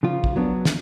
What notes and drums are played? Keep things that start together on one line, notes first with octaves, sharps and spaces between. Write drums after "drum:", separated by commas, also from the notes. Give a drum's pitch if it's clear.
C#3 F3 F4
drum: kick
F#3 B3 D4
drum: snare